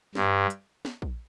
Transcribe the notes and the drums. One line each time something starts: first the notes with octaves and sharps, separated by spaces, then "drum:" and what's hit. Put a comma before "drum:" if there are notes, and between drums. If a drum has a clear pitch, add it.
G2, drum: snare
drum: hi-hat
drum: snare
drum: kick